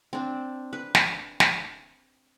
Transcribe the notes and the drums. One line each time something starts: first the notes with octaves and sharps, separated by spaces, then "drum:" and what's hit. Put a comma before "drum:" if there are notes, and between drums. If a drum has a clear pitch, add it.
C4 D4
B4
drum: snare
drum: snare